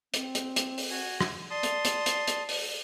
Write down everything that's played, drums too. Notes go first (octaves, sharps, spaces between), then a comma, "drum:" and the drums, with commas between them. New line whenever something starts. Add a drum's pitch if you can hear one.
C4, drum: hi-hat
drum: hi-hat
drum: hi-hat
drum: open hi-hat
F#4 G#5
drum: rim click
D5 A5 C6 D#6
drum: hi-hat
drum: hi-hat
drum: hi-hat
drum: hi-hat
drum: open hi-hat